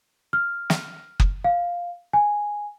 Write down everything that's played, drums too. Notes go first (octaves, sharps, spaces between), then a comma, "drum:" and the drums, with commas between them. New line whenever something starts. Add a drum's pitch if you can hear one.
F6
drum: snare
drum: kick F#1
F5
G#5